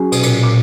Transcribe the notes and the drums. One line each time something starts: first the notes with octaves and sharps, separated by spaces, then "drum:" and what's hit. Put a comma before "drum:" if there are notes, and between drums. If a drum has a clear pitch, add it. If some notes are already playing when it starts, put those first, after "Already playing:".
Already playing: F#3 C#4 G#4
B2, drum: cymbal
A#2, drum: cymbal
A#2